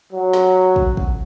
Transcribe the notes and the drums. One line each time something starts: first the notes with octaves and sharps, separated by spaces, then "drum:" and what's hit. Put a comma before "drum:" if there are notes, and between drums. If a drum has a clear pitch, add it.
F#3
drum: snare
drum: kick
drum: kick